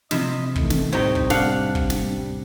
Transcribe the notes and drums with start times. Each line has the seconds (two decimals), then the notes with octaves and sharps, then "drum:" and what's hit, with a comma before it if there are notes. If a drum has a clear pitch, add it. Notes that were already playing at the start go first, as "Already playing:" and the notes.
0.11 C3 F3 E4 D#5, drum: snare
0.56 D#3 E3 A3, drum: kick
0.70 drum: snare
0.92 A2 C3 G3 C4 D#4 C#5
1.15 drum: kick
1.30 D4 F5 F#5, drum: snare
1.75 drum: kick
1.90 drum: snare